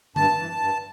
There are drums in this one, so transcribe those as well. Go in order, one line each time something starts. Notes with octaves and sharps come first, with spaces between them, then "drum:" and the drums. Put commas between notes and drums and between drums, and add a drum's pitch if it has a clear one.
G2 A5, drum: tom D3
E3
G2